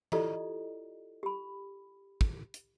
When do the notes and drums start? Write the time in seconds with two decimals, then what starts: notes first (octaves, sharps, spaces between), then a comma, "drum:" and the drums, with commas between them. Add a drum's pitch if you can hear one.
0.12 E4 F4 G4 A4 D5 D#5, drum: tom E3
1.23 G4 B5
2.21 drum: kick
2.54 drum: hi-hat